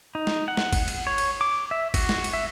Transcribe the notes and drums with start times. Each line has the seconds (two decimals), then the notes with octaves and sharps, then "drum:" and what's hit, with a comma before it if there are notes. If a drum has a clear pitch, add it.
0.15 D#4
0.27 drum: snare
0.48 F#5
0.57 drum: snare
0.73 drum: kick G1, cymbal
0.88 drum: cymbal
1.07 C#5
1.18 drum: cymbal
1.41 D6
1.71 E5
1.94 F#4, drum: kick G1, cymbal
2.09 drum: snare
2.24 drum: cymbal
2.33 E5